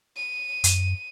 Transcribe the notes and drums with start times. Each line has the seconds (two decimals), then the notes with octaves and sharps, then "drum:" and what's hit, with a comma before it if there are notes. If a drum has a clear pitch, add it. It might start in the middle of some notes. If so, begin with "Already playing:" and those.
0.16 D#7
0.64 F#2, drum: hi-hat